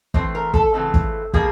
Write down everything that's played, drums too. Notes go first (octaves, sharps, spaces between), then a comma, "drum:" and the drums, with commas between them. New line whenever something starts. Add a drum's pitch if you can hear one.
E3 A3 C4 C5, drum: kick
A#4
A4, drum: kick
C#3 E3 A3 C4
drum: kick
B2 G3 A#3 G#4, drum: kick